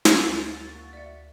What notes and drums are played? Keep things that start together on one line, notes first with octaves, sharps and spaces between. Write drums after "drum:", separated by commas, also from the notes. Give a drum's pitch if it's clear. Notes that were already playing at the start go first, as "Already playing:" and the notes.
drum: snare
D2 G#4 D#5 A6
A#3 F#4
D5 E5